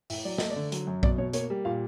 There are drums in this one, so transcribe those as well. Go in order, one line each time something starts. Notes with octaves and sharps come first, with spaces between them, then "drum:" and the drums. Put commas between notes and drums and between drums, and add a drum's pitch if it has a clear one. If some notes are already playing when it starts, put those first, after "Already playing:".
A2 E5, drum: open hi-hat
F#3 D5
A3 D#5, drum: snare
D5
D3
F#3, drum: hi-hat
F#2
B2 D5, drum: kick A#1
B2 C#5
A#3 C#5, drum: hi-hat
G3
A#2 F5